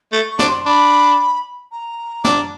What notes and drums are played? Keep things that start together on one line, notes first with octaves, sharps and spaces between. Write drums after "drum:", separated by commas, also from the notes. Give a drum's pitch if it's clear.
A3 C#6
C#6
D4, drum: snare
C6
D4 B5
A#5
D4, drum: snare